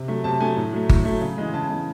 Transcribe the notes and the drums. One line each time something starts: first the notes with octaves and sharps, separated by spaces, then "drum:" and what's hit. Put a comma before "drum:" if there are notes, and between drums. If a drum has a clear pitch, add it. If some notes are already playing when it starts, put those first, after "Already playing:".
Already playing: C3
F#3 A3
C3 A5
F#3 A3 G#5
A2
F#3 A3
A2, drum: kick G1
F#3 A3
C#3
E3 G#3
C#3 A5
E3 G#3